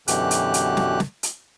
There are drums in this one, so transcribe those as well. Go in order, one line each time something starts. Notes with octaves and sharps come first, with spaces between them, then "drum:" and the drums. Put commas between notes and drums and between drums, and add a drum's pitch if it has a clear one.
F#2 B2 D3 E3 G4 F#6, drum: hi-hat
drum: hi-hat
drum: hi-hat
drum: snare
drum: snare
drum: hi-hat